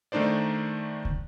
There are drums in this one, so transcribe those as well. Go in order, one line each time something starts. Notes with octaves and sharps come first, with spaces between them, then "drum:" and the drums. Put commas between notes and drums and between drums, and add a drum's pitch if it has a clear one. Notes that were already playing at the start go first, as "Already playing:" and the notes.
D#3 A3 D4 D#4 C5 D5
drum: kick